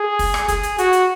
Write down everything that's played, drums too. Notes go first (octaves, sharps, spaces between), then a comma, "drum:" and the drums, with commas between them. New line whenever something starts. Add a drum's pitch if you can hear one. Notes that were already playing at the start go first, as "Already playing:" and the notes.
Already playing: G#4
drum: kick, open hi-hat
drum: rim click
G#4, drum: kick, hi-hat
drum: hi-hat
F#4, drum: hi-hat
drum: hi-hat